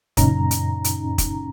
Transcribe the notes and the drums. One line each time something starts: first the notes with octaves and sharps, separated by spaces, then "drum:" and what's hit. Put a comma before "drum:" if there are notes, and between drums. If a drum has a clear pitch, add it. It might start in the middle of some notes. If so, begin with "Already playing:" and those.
F#2 A#2 C#3 C#4 D#4 A#5, drum: kick, hi-hat
drum: hi-hat
drum: hi-hat
drum: kick, hi-hat